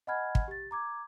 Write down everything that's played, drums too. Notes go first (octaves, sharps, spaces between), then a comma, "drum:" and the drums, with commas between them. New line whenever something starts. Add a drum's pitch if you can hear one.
D#5 F#5 G#5 B5 F6 G#6
drum: kick
G4 A6
A#5 D6 G#6